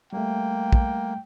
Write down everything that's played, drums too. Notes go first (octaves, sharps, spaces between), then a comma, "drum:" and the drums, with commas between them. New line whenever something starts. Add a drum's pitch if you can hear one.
G3 A3 A#3 G5
drum: kick